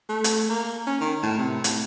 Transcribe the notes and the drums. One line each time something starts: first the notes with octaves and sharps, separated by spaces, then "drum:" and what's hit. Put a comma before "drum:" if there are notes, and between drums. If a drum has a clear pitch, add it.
A3
drum: hi-hat
A#3
C#4
D#3
A2
C3
A2, drum: hi-hat